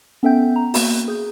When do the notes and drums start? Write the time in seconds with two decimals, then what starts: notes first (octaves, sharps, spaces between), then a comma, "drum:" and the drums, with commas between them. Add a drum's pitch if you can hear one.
0.23 B3 C#4 A4 E5 G5 G6
0.56 A#5
0.74 A#3 F#4, drum: open hi-hat
1.08 G#4 G6